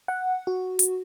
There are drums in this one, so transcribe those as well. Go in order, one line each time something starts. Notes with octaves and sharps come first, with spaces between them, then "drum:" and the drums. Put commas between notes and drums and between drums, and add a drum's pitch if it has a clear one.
F#5
F#4
drum: hi-hat